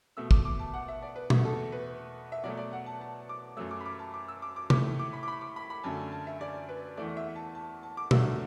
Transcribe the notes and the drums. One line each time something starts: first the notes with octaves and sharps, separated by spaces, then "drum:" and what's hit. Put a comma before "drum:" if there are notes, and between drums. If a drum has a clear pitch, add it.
B2 A3 E6
D6, drum: kick
D6
A5
F#5
E5
D5
B4
E2 B2 A3 B4, drum: tom
A4
B4
E5
B2 F#3 A3 D5
D5
F#5
A5
A5
D6
F#2 F#3 A3 E6
D6
B5
D6
A5
D6
E6
D6
D6
A2 A3 D6, drum: tom C3
D6
B5
D6
B5
D6
B5
B5
F#2 D3 A3 A5
A5
A5
E5
D5
B4
E2 E3 A3 D5
F#5
E5
A5
A5
A5
D6
E2 D3 F#3 A3 E6, drum: tom